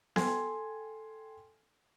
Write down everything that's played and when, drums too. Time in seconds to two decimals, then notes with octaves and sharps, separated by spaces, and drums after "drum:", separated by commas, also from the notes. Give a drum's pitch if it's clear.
0.16 A4 G5 G#5 C6 G#6, drum: snare B3